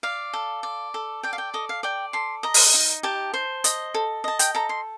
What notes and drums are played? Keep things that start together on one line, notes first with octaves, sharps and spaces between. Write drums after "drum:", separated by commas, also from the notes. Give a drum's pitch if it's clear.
D5 F5
A4
D5
A4
D5 G5
F5
G5
A4 D#5
F5
D5 G5
A4 C6
D#5 A#5
drum: open hi-hat
D#4
G4 A5
C5
D#5, drum: hi-hat
A4
D#5 A5
G5, drum: hi-hat
A4 A#5
C6